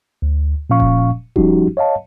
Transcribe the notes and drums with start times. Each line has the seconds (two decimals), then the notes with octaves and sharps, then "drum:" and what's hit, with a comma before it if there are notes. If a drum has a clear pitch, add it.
0.22 D2
0.70 A#2 F3 C#4 F5 C#6
0.80 drum: kick D#1
1.36 F3 G3 C#4 D#4 F#4 G4, drum: kick D#1
1.77 C#5 D#5 F5 A5